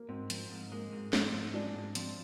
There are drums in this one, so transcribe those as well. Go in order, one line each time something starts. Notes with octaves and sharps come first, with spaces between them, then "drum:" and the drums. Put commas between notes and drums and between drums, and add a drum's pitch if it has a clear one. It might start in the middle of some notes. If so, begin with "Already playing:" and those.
Already playing: A#3
G#2 C4
F3 C4, drum: hi-hat
G#2
G#3 A#3
G#2
F3 C4, drum: snare
G#2
G#3 D4
G#2
F3 C4, drum: hi-hat